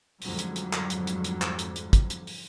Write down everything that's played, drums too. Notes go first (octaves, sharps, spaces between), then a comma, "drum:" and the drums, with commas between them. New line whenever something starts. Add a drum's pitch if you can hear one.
F2 G#2 D3 F#3 G3, drum: open hi-hat
drum: hi-hat
drum: hi-hat
drum: clap
drum: hi-hat
drum: hi-hat
drum: hi-hat
drum: clap
drum: hi-hat
drum: hi-hat
drum: kick, hi-hat
drum: hi-hat
drum: open hi-hat